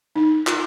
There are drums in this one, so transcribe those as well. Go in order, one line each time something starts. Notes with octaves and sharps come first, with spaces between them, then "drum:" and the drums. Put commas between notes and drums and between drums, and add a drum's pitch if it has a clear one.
D#4
F4, drum: clap